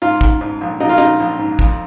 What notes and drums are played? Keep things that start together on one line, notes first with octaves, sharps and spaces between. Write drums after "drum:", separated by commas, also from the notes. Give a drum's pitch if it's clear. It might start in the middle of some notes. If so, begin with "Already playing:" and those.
G#2 F4
G#2, drum: kick
G#2
A#1
A#1 D#4
F4
A#1 D#4, drum: hi-hat
A#1
G#2
F2, drum: kick